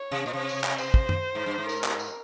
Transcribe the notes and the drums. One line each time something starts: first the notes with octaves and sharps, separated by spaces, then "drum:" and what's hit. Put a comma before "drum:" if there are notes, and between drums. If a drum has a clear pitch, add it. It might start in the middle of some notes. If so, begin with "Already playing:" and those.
Already playing: C#5
C3
A#2
C3 C#5
drum: tambourine
drum: clap
C5, drum: tambourine
drum: kick
drum: tom F#2
G#2
G2
G#2
A#4, drum: tambourine
drum: clap
drum: tambourine